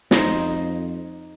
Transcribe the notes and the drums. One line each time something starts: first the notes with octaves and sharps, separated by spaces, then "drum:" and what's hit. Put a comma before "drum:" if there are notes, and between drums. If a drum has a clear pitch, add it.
F2 D#4 C5, drum: snare